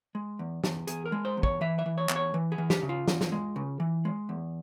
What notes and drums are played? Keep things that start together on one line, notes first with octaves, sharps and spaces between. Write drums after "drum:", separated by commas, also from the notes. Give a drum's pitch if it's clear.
G#3
E2
E2, drum: snare
E2 G#4, drum: hi-hat
A#4
G#3
C5
E2
C#5, drum: kick
E3 E5
E5
E3
C#5
E2, drum: clap
C#5
E3
G#4
E3
G4, drum: snare
C#3
F4
E2, drum: snare
drum: snare
G#3
C#3
E3
G#3
E2